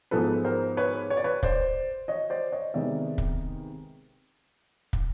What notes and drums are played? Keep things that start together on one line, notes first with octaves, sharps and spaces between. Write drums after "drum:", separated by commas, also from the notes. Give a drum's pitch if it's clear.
G#2 F3 G#3 B3 A4 B4
A#4 C5
B4 C#5
C#5
D5
B4 C#5
C5 D5, drum: kick
C#5 D#5
C5 D5
C#5 D#5
C3 D#3 G#3 B3 D5 E5
drum: kick
drum: kick